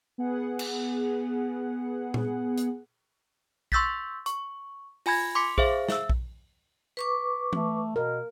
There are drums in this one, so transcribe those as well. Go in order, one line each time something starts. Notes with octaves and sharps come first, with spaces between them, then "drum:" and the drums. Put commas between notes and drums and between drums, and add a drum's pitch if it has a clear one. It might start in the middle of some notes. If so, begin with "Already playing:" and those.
B3 G#4 F#5
drum: cymbal
drum: tom A#2
drum: hi-hat
C6 C#6 E6 G6 A6 B6, drum: kick A#1
C#6, drum: hi-hat
F4 G#5 B5 G#6 A#6, drum: open hi-hat
C6 D6 B6 C#7
G#4 C5 E5 F5, drum: kick A#1
E5 E6, drum: snare
drum: kick A#1
B4 C#6 D6
A3, drum: tom E3
B2 A#4